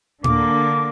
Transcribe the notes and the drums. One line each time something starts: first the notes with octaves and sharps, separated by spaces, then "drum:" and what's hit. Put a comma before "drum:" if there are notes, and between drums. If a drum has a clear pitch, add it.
D3 A#3 D6, drum: tom A2